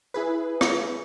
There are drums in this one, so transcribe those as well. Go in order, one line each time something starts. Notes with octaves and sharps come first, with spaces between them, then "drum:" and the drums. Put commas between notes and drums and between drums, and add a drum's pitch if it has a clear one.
E4 G#4 B4
drum: rim click